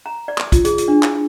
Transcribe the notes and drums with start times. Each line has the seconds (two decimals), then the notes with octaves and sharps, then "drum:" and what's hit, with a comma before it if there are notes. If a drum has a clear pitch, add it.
0.06 A#5
0.28 D5
0.38 drum: clap
0.52 F4, drum: kick, hi-hat
0.65 G#4, drum: hi-hat
0.78 drum: hi-hat
0.88 D4
1.03 E4, drum: clap